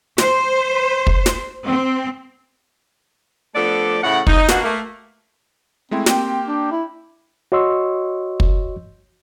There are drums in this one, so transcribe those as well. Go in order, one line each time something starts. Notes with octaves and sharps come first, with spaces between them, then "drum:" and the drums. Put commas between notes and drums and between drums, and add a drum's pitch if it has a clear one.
C5, drum: snare
drum: kick
drum: snare
C4
F3 A3 B3 D4 A4 D5
A2 C#3 E4 F#5
D#4, drum: kick
B2 A#3 D4 F#4, drum: snare
A3 A#3
G#3 A3 C4 E4
A#3 C4 G4 G5, drum: snare
D4
E4
F#4 C#5 D#5 C6 C#6 E6
drum: kick